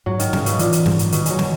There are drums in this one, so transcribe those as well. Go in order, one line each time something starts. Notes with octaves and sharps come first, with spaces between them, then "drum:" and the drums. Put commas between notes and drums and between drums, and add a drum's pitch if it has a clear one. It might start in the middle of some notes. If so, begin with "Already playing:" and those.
G#2 F#3
D#3, drum: hi-hat
G#2 C#3, drum: snare
B2, drum: hi-hat
A#2 E3, drum: hi-hat
drum: hi-hat
G#2, drum: snare
drum: hi-hat
B2 D#3, drum: hi-hat
F#3 G#3, drum: hi-hat
drum: snare